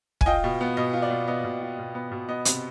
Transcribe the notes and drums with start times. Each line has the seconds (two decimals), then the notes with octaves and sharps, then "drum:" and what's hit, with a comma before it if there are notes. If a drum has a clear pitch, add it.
0.21 G#5, drum: kick
0.26 F4 D#5 G5
0.44 B2
0.61 B3
0.77 B2 D#5
0.93 F4
1.02 D5
1.10 B2
1.28 B3 D#5
1.44 B2
1.62 F4
1.79 B2
1.95 B3
2.12 B2
2.29 B3 D#5
2.45 C3, drum: hi-hat